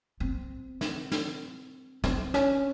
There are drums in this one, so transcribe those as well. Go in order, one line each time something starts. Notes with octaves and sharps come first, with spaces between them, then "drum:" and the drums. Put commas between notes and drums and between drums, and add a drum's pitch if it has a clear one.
C4
drum: snare
drum: snare
C4, drum: snare
C#4, drum: snare